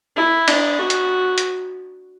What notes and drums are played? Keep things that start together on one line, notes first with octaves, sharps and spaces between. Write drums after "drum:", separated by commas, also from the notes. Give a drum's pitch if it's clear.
E4
D4, drum: cymbal
F#4
drum: hi-hat
drum: hi-hat